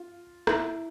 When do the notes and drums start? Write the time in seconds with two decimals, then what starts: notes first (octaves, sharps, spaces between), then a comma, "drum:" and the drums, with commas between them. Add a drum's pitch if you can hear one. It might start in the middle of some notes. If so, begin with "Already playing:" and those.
Already playing: F4
0.47 E4, drum: rim click